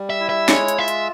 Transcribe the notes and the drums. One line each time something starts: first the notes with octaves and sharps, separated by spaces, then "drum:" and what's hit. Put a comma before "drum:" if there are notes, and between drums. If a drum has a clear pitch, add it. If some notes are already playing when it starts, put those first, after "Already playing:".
Already playing: G3
E5
E4
E5
G#3 C#5, drum: snare
drum: hi-hat
F4 E5
drum: hi-hat